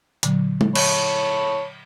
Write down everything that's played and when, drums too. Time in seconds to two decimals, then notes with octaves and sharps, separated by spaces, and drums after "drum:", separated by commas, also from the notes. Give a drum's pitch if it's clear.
0.23 A#2 D3 F#3, drum: hi-hat
0.61 drum: tom
0.75 C#5 A5 B5, drum: cymbal